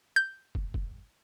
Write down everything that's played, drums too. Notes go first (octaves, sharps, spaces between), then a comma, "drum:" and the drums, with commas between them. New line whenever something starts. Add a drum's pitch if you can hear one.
G6
drum: kick
drum: kick